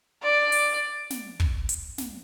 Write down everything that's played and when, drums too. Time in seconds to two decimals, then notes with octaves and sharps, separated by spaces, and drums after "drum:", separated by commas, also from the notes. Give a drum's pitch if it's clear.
0.23 D5
0.52 drum: open hi-hat
1.10 drum: snare
1.40 drum: kick
1.69 drum: hi-hat
1.98 drum: snare